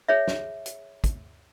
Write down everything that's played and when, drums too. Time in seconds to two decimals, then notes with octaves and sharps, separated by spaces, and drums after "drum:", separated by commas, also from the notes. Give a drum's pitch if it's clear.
0.09 G#4 C#5 E5
0.28 drum: snare
0.66 drum: hi-hat
1.04 drum: kick, hi-hat